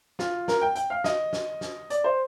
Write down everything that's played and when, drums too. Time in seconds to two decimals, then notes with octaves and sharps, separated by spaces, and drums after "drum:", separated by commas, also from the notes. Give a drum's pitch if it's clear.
0.19 F4, drum: snare
0.48 A#4, drum: snare
0.61 G5
0.75 G5, drum: hi-hat
0.90 F5
1.04 D#5, drum: snare
1.33 drum: snare
1.61 drum: snare
1.90 D5, drum: hi-hat
2.04 C5